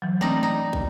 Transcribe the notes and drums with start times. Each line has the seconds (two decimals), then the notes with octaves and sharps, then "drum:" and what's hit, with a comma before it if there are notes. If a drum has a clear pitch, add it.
0.02 E3 F#3
0.21 G3 A3 C4 D#4 A#6
0.43 D#4
0.73 drum: kick